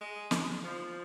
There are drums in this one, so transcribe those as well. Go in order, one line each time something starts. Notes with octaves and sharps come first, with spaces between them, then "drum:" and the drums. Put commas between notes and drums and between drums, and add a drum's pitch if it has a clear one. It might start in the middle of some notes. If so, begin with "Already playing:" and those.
G#3
drum: snare
F3